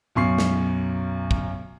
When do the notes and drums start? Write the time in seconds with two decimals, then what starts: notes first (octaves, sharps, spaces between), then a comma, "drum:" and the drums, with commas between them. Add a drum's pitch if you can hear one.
0.15 B1 F#2 C#6 C7
0.38 drum: snare
1.31 drum: kick